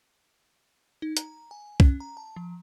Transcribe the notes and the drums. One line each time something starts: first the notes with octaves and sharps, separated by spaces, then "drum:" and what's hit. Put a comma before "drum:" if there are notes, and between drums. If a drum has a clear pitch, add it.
D#4
A#5, drum: hi-hat
G#5
C#4, drum: kick
A#5
A5
F3